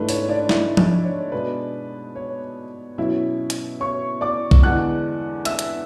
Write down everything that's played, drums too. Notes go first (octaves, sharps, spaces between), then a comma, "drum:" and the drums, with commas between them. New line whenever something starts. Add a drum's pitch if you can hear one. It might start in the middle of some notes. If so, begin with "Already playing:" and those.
Already playing: G#2 E3 A3 D4 B4
C#5, drum: open hi-hat
D4 D5
E4 E5, drum: snare
D4 D5, drum: tom F3
C#5
B2 G#3 D4 B4
C#5
B2 F#3 C#4 E4 E5
drum: hi-hat
C#5 C#6
D5 D6
drum: kick
E2 D3 G#3 D4 F#5 F#6
E5 E6, drum: hi-hat
drum: hi-hat